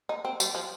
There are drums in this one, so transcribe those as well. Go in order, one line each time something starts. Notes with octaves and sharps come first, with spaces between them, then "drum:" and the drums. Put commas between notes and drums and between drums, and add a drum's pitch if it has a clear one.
D#4
C4
G3, drum: tambourine
F3